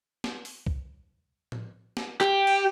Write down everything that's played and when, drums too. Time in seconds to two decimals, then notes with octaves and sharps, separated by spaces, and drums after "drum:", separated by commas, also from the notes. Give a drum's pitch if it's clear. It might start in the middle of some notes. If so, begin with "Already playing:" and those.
0.24 drum: snare
0.45 drum: open hi-hat
0.66 drum: kick C2
1.52 drum: tom A2
1.97 drum: snare
2.21 G4, drum: clap
2.47 drum: cymbal